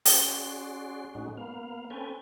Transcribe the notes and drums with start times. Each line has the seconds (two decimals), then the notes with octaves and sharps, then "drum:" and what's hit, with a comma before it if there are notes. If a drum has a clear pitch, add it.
0.05 C#4 F#4 G#4 D5 C6, drum: open hi-hat
1.15 A2 G#3 C#4 D#4 F#4
1.37 A#3 B3 F5
1.90 C4 C#4 A4 B4 G5 G#5